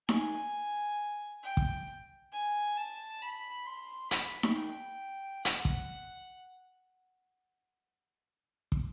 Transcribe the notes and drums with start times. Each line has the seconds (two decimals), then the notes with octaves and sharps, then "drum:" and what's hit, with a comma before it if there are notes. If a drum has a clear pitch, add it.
0.09 G#5, drum: snare D#4
1.43 G5
1.57 drum: kick
2.32 G#5
2.77 A5
3.22 B5
3.66 C6
4.11 B5, drum: hi-hat
4.43 drum: snare D#4
4.55 G5
5.45 F#5, drum: hi-hat
5.65 drum: kick
8.72 drum: kick